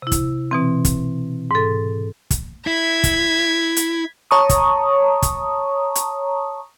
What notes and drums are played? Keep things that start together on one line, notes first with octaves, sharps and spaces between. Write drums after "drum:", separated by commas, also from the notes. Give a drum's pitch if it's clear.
C3 E4
drum: kick, hi-hat
B2 E3 C4
drum: kick, hi-hat
G#2 A4
drum: kick, hi-hat
E4 G#6 B6
drum: kick, hi-hat
drum: hi-hat
C#5 A5 A#5 C#6 D#6
drum: kick, hi-hat
drum: kick, hi-hat
drum: hi-hat